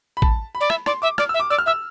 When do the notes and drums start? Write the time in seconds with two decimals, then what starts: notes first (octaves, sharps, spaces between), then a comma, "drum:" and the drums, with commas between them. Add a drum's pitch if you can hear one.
0.17 B5
0.22 A5, drum: kick
0.55 B5
0.61 D5
0.70 E5, drum: rim click
0.86 D5 C6, drum: rim click
1.02 E5 D6
1.18 D5 F6, drum: rim click
1.29 E6
1.34 E5
1.40 D6
1.50 D5 E6
1.59 F6
1.66 E5 E6